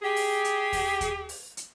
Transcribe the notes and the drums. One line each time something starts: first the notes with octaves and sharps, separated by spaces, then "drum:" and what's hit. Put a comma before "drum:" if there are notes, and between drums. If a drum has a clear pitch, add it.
G4 G#4
drum: open hi-hat
drum: hi-hat
drum: kick D#2, open hi-hat
drum: kick D#2, hi-hat
drum: open hi-hat
drum: hi-hat